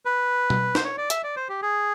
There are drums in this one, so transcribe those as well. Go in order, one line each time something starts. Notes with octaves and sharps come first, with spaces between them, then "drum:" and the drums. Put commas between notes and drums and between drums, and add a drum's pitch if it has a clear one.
B4
drum: tom B2
C5, drum: snare
C#5
D5
E5, drum: hi-hat
D5
C5
G4
G#4